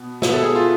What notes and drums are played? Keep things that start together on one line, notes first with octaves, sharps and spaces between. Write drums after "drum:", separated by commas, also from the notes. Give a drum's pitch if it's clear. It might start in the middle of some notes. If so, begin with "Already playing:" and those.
Already playing: B2 B3
B2 B3 E5, drum: snare
A4
G#4
F4